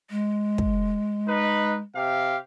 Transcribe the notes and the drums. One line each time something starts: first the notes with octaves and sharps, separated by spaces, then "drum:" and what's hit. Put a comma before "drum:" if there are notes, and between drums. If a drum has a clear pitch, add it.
G#3
drum: kick
D#4 B4
C3 G4 F5